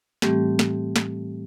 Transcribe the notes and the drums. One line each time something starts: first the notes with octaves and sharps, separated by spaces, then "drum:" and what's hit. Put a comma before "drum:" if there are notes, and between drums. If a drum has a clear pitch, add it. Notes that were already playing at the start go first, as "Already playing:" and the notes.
A2 E3 G3 A3 C4 G4, drum: snare
drum: snare
drum: snare